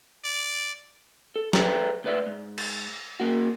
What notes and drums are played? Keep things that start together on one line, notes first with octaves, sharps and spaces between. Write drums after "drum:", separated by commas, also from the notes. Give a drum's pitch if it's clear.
D5
A4
A4 B4 C5 E5 G5 A#5, drum: snare
C#2 A2 B4 D5 E5
G#2
drum: cymbal
C#3 A#3 F#4